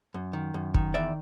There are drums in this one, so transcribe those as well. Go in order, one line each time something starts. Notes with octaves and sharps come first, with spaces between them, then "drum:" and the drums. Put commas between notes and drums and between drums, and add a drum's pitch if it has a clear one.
F#2
D#3
F#2
D#3, drum: kick
E2 D5 E5